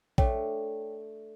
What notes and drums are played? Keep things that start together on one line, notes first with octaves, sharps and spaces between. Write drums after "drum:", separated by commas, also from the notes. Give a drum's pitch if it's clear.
A3 D4 C#5 G5, drum: kick A#1